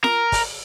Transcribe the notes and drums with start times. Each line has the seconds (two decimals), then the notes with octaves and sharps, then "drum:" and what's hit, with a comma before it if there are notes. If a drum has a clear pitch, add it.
0.04 A#4, drum: snare F4
0.32 drum: kick, open hi-hat